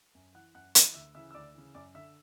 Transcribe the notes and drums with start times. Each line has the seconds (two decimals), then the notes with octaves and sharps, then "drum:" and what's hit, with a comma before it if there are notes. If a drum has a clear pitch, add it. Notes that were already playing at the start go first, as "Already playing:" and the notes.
0.15 F#2
0.35 E3 F#5 F#6
0.55 F#2 F#5 F#6
0.75 E3, drum: hi-hat
0.94 D2 E5 E6
1.15 C#3 E3 E5 E6
1.31 E6
1.35 D2 D5 D6
1.55 C#3 E3
1.74 F#2 D5 D6
1.95 D3 E5 E6